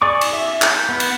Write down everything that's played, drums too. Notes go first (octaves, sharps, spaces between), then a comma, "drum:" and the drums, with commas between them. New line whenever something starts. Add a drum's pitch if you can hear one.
G#4 D5 C#6 D6
drum: cymbal
E5
G6, drum: clap
B3
drum: cymbal